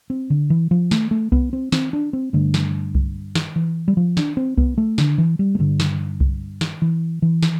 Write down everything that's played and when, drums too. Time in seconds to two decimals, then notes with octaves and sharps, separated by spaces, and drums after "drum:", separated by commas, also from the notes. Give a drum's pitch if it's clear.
0.10 C4
0.30 D3
0.50 E3
0.71 F3
0.91 A3, drum: snare
1.11 A3
1.32 B3, drum: kick C2
1.53 C4
1.72 C4, drum: snare
1.93 D4
2.13 C4
2.33 G2 D3 A3
2.54 drum: snare
2.95 drum: kick C2
3.35 drum: snare
3.56 E3
3.88 G3
3.97 F3
4.17 D4, drum: snare
4.37 C4
4.58 B3, drum: kick C2
4.78 A3
4.98 D3, drum: snare
5.18 E3
5.39 G3
5.55 A3
5.59 G2 D3 G3
5.80 drum: snare
6.20 drum: kick C2
6.61 drum: snare
6.82 E3
7.22 E3
7.43 drum: snare